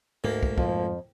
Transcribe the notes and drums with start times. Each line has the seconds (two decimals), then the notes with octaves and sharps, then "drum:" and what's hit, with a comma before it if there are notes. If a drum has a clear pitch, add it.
0.24 D2 G#2 G#3 A#3
0.43 drum: kick
0.58 F2 F3, drum: kick